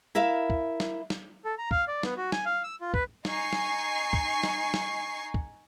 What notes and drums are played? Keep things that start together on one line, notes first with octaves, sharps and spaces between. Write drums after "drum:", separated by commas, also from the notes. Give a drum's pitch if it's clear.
E4 A#4 E5 F5
drum: kick
drum: snare
drum: snare
A4
A#5
F5, drum: kick
D5
B3, drum: snare
F#4
G#5, drum: snare
F5
E6
F4
B4, drum: kick
D#4 G#5 C#6 C7, drum: snare
drum: snare
drum: kick
drum: snare
drum: snare
drum: kick